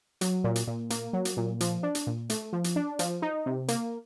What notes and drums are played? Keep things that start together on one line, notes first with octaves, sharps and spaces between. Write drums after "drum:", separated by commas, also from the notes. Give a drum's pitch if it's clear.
F#3, drum: hi-hat
A#2
drum: hi-hat
A#2
A#3, drum: hi-hat
F#3
drum: hi-hat
A#2
F3, drum: hi-hat
D4
drum: hi-hat
A#2
A3, drum: hi-hat
F3
drum: hi-hat
D4
F3, drum: hi-hat
D#4
C3
A#3, drum: hi-hat